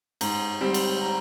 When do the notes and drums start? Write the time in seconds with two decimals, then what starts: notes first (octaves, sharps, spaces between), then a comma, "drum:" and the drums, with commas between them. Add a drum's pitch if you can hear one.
0.21 G#2 A#5, drum: cymbal
0.61 G3 C4
0.74 drum: cymbal
1.01 A#5